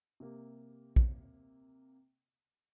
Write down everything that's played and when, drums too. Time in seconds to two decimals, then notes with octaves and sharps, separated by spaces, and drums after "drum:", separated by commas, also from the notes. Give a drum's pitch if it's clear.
0.20 C3 A#3 G4
0.96 drum: kick A#1